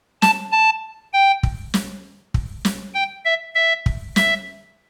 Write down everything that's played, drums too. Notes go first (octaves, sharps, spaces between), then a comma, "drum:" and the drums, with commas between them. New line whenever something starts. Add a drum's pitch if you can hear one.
A5, drum: snare
A5
G5
drum: kick
drum: snare
drum: kick
drum: snare
G5
E5
E5
drum: kick
E5, drum: snare